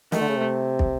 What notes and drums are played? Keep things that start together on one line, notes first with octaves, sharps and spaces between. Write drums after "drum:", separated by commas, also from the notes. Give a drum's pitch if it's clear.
D#3 A3, drum: snare
D3
C#3
C3
drum: kick